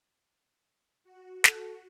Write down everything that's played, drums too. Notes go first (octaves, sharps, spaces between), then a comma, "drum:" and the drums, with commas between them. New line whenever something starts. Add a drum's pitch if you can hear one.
F#4
A4, drum: snare